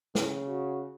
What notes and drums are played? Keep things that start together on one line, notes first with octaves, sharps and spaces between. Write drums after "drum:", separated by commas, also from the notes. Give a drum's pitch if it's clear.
C#3, drum: snare
F#4